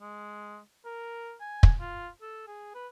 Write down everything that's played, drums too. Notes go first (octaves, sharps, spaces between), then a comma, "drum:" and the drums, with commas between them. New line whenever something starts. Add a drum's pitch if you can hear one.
G#3
A#4
G#5
drum: kick
F4
A4
G#4
B4